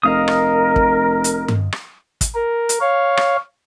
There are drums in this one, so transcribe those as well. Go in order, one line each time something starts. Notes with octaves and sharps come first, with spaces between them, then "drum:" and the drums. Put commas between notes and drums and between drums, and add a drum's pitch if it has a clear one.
F1 A#4 D#5 F5 D#6
drum: rim click
drum: kick
drum: hi-hat
drum: tom G2
drum: rim click
drum: kick, hi-hat
A#4
drum: hi-hat
C#5 F5
drum: rim click